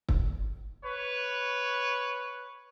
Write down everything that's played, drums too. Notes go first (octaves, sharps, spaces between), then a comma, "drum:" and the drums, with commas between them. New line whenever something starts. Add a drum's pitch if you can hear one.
drum: kick
B4 C#5